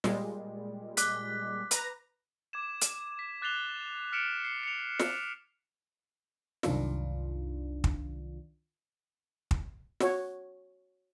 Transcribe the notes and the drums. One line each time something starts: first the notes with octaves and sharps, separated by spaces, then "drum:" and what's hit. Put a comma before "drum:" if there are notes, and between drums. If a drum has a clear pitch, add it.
A#2 G3 G#3, drum: snare
D6 F#6 B6, drum: hi-hat
B4 A#5 A#6, drum: hi-hat
D6 G#6 E7
drum: hi-hat
B6
D6 F#6 A6 C7 F7 G7
F6 B6 C#7 D7 E7 F7
C7
C#7 D7 F7
drum: snare
C2 F#2 D#3 D4 F4, drum: snare
drum: kick
drum: kick
F#4 C#5, drum: snare